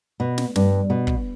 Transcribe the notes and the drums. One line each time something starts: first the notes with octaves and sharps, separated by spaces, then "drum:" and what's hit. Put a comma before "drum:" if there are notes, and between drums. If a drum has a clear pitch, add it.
B2
drum: snare
G2, drum: snare
B2
drum: kick